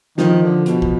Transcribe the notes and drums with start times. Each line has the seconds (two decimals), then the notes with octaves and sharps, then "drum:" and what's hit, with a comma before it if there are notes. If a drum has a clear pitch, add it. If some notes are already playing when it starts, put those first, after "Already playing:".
0.18 D#3 F3, drum: snare
0.42 D3
0.66 B2, drum: hi-hat
0.82 drum: kick